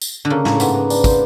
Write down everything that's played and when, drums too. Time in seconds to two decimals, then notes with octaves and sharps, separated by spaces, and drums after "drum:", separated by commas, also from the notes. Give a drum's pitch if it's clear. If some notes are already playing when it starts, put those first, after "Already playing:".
0.02 drum: tambourine
0.25 D3
0.30 C#3 A#3
0.45 A2 A#3, drum: snare
0.60 G#2 B3, drum: tambourine
0.74 B4
0.90 D4, drum: tambourine
1.04 C5, drum: kick, tambourine